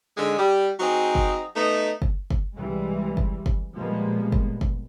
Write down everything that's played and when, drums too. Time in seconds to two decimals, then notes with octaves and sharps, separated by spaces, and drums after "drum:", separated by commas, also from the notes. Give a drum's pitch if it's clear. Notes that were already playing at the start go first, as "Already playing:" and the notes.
0.17 G#2 D3 G#3
0.37 G3
0.80 F#3 C4 D#4 G#4
1.15 drum: kick
1.55 A3 B3 D#4
2.02 drum: kick
2.31 drum: kick
2.57 C2 C3 E3 G3 G#3
3.17 drum: kick
3.46 drum: kick
3.75 A#2 F3 G3 G#3 A#3 B3
4.32 drum: kick
4.61 drum: kick